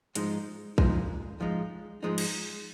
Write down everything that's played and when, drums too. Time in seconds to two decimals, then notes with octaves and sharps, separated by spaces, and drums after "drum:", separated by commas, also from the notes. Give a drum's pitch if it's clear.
0.15 G#2 F3 G#3 D#4, drum: hi-hat
0.78 G#2 F3 G#3 D#4, drum: kick A#1
1.40 G#2 F3 G#3 D#4
2.03 G#2 F3 G#3 D#4
2.18 drum: cymbal